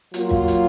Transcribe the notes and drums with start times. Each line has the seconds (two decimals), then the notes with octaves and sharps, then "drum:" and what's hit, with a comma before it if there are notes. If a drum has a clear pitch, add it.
0.14 F#3 A#3 F4, drum: hi-hat
0.31 drum: kick
0.48 drum: hi-hat